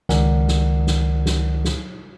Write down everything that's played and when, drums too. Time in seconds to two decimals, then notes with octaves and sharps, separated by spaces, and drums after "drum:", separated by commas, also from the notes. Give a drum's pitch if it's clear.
0.09 C#2 D#3 A#4 D5 F#5 G#5, drum: snare
0.48 drum: snare
0.87 drum: snare
1.26 drum: snare
1.65 drum: snare